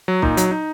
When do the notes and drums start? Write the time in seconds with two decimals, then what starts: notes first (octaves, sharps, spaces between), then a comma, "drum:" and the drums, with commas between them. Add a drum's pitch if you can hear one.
0.08 F#3
0.22 A#2 D#4, drum: kick
0.37 F#3, drum: hi-hat
0.51 D#4